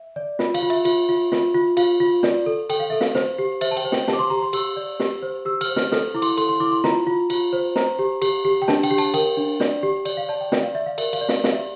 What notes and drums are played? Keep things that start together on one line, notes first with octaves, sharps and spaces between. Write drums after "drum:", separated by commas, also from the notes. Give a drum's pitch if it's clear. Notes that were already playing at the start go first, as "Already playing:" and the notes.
Already playing: E5
D5
F4, drum: snare
F5, drum: cymbal
F4
E5, drum: cymbal
F4, drum: cymbal
F4
F4, drum: snare
F4
F4 F5, drum: cymbal
F4
D5, drum: snare
A4
A4 G5, drum: cymbal
F5
A4 E5
F5, drum: snare
C5, drum: snare
G4
C5 E5, drum: cymbal
A5
G5, drum: cymbal
C5
G5, drum: snare
G4 A5, drum: snare
D6
C6
G4 A#5
C6
G4 E6, drum: cymbal
D5
G4, drum: snare
C5
G4 E6
F6, drum: cymbal
C5
F6, drum: snare
A4 F6, drum: snare
E4 D6
C6, drum: cymbal
A4 C6, drum: cymbal
C6
E4 D6
C6
F4 A#5, drum: snare
F4
F4, drum: cymbal
C5
C5 A#5, drum: snare
G4
G4, drum: cymbal
G4
G5
D4 A5, drum: snare
G5, drum: cymbal
G4
A5, drum: cymbal
A#4 G5, drum: cymbal
D4
D5, drum: snare
G4
D5, drum: cymbal
F5
D5 A5
G5
D5 G5, drum: snare
F5
D5 E5
F5
A#4 E5, drum: cymbal
F5, drum: cymbal
D5
F5, drum: snare
G4 F5, drum: snare
E5